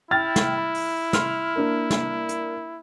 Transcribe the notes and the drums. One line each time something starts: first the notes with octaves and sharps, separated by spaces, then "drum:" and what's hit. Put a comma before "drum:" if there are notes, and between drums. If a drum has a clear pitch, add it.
E4 G5 F6 A6
drum: snare
B5
drum: open hi-hat
B5 C6 F6, drum: snare
A#3 D4 A#4
drum: snare
drum: hi-hat